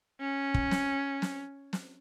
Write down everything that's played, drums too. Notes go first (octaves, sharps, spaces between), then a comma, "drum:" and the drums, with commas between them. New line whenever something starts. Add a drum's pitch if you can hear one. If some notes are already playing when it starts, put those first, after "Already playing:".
C#4
drum: kick
drum: snare
drum: snare
drum: snare